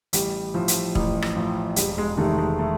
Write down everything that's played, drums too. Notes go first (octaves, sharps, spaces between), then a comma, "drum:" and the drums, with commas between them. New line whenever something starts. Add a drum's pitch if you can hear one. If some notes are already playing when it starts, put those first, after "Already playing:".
A1 G3, drum: hi-hat
A2 F3
drum: hi-hat
A1, drum: kick E1
drum: rim click
A2 F3
E1 G3, drum: hi-hat
G#3
E2 C3 D#3 A3
G#3
A3